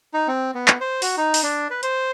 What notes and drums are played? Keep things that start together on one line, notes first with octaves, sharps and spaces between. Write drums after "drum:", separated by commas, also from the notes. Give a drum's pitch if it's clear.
D#4
C4
B3
drum: clap
C5
F#4, drum: open hi-hat
D#4
drum: open hi-hat
D4
B4
C5, drum: hi-hat